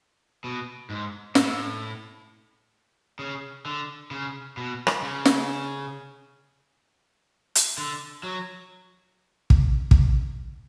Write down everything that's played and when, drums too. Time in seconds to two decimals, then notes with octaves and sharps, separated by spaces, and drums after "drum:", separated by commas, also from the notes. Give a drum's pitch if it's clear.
0.44 B2
0.90 G#2
1.35 A2, drum: snare
3.19 C#3
3.65 D3
4.11 C#3
4.57 B2
4.87 drum: rim click
5.02 C#3
5.25 drum: snare
7.55 drum: hi-hat
7.78 D3
8.23 F#3
9.50 drum: kick
9.91 drum: kick